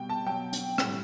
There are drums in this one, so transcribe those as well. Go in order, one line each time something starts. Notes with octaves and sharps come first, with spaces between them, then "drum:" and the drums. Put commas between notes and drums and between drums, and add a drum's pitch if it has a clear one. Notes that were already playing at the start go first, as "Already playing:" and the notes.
Already playing: B2 G3 G5
A5
B2 F#3 G5
drum: hi-hat
A2 G3, drum: rim click